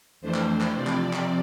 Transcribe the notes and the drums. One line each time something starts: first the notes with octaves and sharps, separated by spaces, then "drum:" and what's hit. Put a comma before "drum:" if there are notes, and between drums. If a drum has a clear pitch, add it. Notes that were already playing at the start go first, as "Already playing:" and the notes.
F2 E3 A3 D4 C5
drum: clap
drum: clap
C3 F3 C4 D5
drum: clap
drum: clap